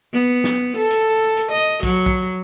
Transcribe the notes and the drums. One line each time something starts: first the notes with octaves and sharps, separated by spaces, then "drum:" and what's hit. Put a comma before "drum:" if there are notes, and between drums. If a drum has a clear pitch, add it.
B3
drum: snare
A4
drum: hi-hat
drum: hi-hat
D#5
F#3, drum: kick A#1, hi-hat
drum: kick A#1